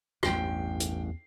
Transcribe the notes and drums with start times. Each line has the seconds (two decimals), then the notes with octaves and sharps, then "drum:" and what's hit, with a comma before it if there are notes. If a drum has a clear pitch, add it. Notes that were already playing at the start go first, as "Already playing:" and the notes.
0.23 A1 E2 G2 G5 C7, drum: rim click
0.80 drum: hi-hat